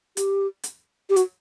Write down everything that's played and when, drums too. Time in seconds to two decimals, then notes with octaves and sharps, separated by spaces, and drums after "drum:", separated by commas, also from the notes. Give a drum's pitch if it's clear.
0.17 G4, drum: hi-hat
0.63 drum: hi-hat
1.10 G4
1.16 F#4, drum: hi-hat